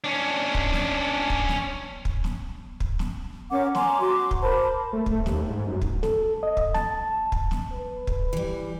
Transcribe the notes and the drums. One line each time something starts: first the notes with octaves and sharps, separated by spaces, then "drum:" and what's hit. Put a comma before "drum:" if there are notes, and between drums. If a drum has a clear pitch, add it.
C#4 D4
drum: kick
drum: snare
drum: kick
drum: snare
drum: kick
drum: snare
drum: kick
drum: snare
C#4 A#4 F#5 D6
G#5 A#5 C6 D6, drum: snare
F#4 C6 D6
drum: kick
A#4 C5 A5 B5
A3
A3, drum: kick
D#2, drum: snare
G#2
F#2
drum: kick
A4, drum: snare
D#5
drum: kick
A5, drum: snare
drum: kick
drum: snare
B4
drum: kick
E3 G3